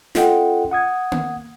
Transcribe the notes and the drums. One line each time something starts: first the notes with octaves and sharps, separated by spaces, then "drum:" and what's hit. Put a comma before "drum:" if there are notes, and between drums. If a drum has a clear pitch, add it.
C#4 F4 A4 D#5 F#5 G5, drum: snare
F#5 D#6 G#6
drum: tom A#3